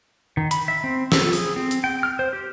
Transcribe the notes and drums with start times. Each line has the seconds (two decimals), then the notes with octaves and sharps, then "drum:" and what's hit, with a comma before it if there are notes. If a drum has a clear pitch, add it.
0.37 D#3
0.51 B5, drum: hi-hat
0.68 E5
0.84 C4
1.12 A4, drum: snare
1.33 G#4, drum: open hi-hat
1.56 C4
1.71 drum: hi-hat
1.84 G5
2.03 F6
2.19 C5
2.33 G4